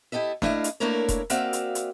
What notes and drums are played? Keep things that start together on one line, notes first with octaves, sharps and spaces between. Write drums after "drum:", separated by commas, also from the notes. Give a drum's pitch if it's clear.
E4 G4 A4 D#5 E5
A3 D4 E4 D#5 F5, drum: snare
drum: hi-hat
A3 A#3 D4 E4 A#4 C#5
drum: kick E1, hi-hat
A#3 C4 F#4 D5 E5 F5, drum: hi-hat
drum: hi-hat
drum: hi-hat